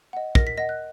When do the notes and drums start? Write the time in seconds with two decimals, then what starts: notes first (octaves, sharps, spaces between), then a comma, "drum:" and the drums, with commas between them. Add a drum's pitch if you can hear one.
0.13 D#5 F#5
0.35 A#4 A#6, drum: kick
0.47 B6
0.58 D#5 F#5 A#6
0.69 F#6